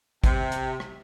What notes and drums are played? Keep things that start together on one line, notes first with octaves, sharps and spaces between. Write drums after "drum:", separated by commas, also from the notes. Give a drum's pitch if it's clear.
C3, drum: kick, hi-hat
drum: hi-hat
drum: rim click